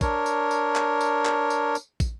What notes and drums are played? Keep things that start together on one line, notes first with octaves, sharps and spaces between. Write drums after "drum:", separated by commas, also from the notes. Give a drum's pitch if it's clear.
D4 A#4 C#5, drum: kick, tambourine
drum: tambourine
drum: tambourine
drum: clap
drum: tambourine
drum: clap
drum: tambourine
drum: tambourine
drum: kick, tambourine